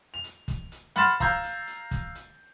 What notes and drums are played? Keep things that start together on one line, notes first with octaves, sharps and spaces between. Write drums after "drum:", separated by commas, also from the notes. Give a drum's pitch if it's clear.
F7
drum: hi-hat
drum: kick, hi-hat
drum: hi-hat
F#5 B5 C6 F6 A6 E7, drum: snare
F5 A#5 E6 G6 G#6, drum: kick, hi-hat
drum: hi-hat
drum: hi-hat
drum: kick, hi-hat
drum: hi-hat